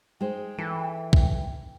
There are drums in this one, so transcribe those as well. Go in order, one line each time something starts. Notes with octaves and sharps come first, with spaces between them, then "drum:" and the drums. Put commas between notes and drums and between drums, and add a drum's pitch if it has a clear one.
G#3 D#4 C5 G5
E3 A4
drum: kick B1